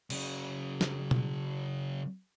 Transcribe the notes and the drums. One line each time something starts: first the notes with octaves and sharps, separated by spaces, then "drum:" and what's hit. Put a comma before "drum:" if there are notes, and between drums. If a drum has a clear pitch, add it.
C#3 F#3, drum: cymbal
drum: snare
drum: tom B2